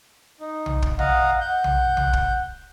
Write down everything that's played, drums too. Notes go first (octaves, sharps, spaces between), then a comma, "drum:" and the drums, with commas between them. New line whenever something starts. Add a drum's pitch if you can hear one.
D#4
drum: tom A#1
drum: kick
D#5 F5 F#5 A#5, drum: tom A#1
F#5 G6
drum: tom A#1
drum: tom A#1
drum: kick